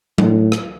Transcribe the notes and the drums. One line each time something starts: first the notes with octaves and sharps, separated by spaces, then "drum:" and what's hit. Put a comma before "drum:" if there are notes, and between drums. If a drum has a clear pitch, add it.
A2, drum: tom F#3
drum: rim click